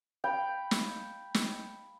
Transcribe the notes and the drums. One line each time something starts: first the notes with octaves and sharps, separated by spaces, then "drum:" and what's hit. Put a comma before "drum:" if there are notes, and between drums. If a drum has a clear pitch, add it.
F5 G5 B5
drum: snare
drum: snare